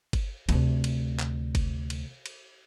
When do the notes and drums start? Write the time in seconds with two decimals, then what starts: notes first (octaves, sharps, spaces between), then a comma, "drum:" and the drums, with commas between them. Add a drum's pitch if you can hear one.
0.13 drum: kick G1, cymbal
0.49 D2 C3, drum: cymbal
0.84 drum: cymbal
1.19 drum: clap
1.55 drum: kick G1, cymbal
1.90 drum: cymbal
2.26 drum: cymbal